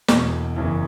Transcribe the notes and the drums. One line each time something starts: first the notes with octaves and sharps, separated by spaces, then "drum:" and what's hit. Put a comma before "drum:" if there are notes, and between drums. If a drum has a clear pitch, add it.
E1 E2 B2, drum: snare
F#1 E2 C#3 E3 C#4